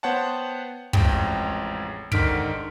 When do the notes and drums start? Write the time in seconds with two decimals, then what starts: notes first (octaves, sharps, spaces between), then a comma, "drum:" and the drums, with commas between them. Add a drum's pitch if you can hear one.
0.03 B3 C5 C#5 F#5 G5 A5
0.93 A1 F2 G#3 G5, drum: kick
2.12 G#2 D3 D#3 F6 B6 D7, drum: kick